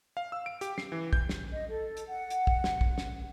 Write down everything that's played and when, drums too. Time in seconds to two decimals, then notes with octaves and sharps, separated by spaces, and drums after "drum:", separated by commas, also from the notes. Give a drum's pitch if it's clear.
0.17 F5
0.32 E6
0.46 D7
0.61 G4, drum: hi-hat
0.78 C7, drum: snare
0.92 E3
1.13 G6, drum: kick
1.29 drum: snare
1.51 D#5
1.69 A4
1.97 drum: hi-hat
2.08 F#5
2.30 drum: hi-hat
2.47 drum: kick
2.64 drum: snare
2.81 drum: kick
2.98 drum: snare